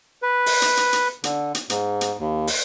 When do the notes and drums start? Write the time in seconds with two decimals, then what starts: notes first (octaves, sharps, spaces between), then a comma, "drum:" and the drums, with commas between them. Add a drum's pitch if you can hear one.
0.22 B4
0.46 drum: open hi-hat
0.62 drum: hi-hat
0.77 drum: hi-hat
0.93 drum: hi-hat
1.24 D3, drum: hi-hat
1.55 drum: hi-hat
1.70 G#2, drum: hi-hat
2.01 drum: hi-hat
2.19 D#2
2.47 drum: open hi-hat